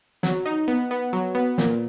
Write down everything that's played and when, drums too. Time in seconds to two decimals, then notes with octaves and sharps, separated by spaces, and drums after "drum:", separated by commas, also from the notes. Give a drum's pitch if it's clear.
0.23 F#3, drum: snare
0.46 D#4
0.68 B3
0.91 B3
1.13 F#3
1.35 B3
1.58 A#2, drum: snare